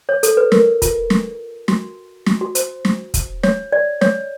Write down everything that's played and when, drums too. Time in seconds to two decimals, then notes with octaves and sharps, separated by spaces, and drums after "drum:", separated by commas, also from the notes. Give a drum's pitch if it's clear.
0.09 C#5
0.23 A4, drum: hi-hat
0.37 B4
0.52 A#4, drum: snare
0.82 F4, drum: kick, hi-hat
1.10 drum: snare
1.68 F#4, drum: snare
2.26 F#4, drum: snare
2.41 F#4
2.55 C5, drum: hi-hat
2.85 drum: snare
3.14 drum: kick, hi-hat
3.43 C#5, drum: snare
3.72 D5
4.01 C#5, drum: snare